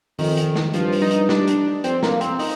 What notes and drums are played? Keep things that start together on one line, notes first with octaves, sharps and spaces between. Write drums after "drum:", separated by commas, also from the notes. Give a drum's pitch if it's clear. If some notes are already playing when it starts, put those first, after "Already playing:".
F2 D#3, drum: open hi-hat
drum: hi-hat
drum: snare
G2 F3, drum: hi-hat
drum: open hi-hat
D#4
drum: hi-hat
D4, drum: snare
drum: hi-hat
F2 C4, drum: hi-hat
A#3, drum: snare
C4, drum: hi-hat
D#4, drum: open hi-hat